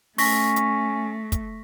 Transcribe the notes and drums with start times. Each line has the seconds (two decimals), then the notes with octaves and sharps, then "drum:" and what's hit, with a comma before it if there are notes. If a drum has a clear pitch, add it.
0.18 A3 C#4 C#6 A#6 B6, drum: open hi-hat
0.56 drum: hi-hat
1.32 drum: kick, hi-hat